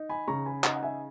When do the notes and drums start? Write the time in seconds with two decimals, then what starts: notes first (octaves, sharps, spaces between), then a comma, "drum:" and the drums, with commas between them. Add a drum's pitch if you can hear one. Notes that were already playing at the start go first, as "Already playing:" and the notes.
Already playing: D#4
0.09 G#5 B5
0.27 C#3 A#5 C#6
0.46 G#5 B5
0.64 D#4 F#5 A#5, drum: clap
0.75 F#5
0.83 E5 G#5